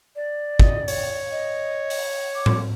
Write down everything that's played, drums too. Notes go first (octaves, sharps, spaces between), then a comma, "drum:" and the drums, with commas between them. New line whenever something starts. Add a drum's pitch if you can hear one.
D5
D#5, drum: kick
C#5, drum: open hi-hat
D#5
drum: open hi-hat
D6
drum: tom A2